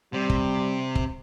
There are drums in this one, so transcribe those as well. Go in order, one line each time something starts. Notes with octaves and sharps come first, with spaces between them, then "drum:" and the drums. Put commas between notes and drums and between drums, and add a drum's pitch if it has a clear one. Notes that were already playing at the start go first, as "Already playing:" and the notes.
C3 G3
drum: kick
drum: kick